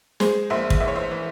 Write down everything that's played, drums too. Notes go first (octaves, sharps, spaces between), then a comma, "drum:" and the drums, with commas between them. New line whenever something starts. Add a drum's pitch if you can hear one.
G#3 G#4 C5, drum: snare
A#1 C5 E5
drum: kick
E3 E5
C#5
C5 E5
E3